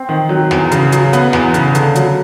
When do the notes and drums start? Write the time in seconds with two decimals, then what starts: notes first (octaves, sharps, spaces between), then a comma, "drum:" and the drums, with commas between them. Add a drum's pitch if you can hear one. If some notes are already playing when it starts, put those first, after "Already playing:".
Already playing: C4
0.09 D#3
0.29 F#3
0.51 E2, drum: snare
0.71 C#3, drum: hi-hat
0.92 F#3, drum: hi-hat
1.13 B3, drum: hi-hat
1.33 E2, drum: snare
1.54 C#3, drum: hi-hat
1.75 D3, drum: hi-hat
1.95 F#3, drum: hi-hat